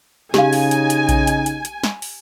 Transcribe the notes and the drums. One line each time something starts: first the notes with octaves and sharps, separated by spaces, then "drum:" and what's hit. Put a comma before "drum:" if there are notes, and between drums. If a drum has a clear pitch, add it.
C#3 D#4 G4 F5 G#5, drum: snare
drum: open hi-hat
drum: hi-hat
drum: hi-hat
drum: kick A#1, hi-hat
drum: hi-hat
drum: hi-hat
drum: hi-hat
drum: snare
drum: open hi-hat